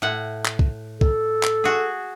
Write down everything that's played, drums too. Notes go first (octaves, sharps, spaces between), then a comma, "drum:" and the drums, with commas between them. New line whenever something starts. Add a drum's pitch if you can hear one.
A2 F#5
drum: clap
drum: kick
A4, drum: kick
drum: clap
F#4 G#4